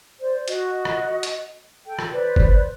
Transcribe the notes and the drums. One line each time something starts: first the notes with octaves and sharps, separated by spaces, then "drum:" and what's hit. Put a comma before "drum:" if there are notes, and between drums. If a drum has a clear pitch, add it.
C5 D5
F#4 D#5, drum: hi-hat
drum: rim click
drum: hi-hat
A4 G5
drum: rim click
B4 C5 D5
drum: kick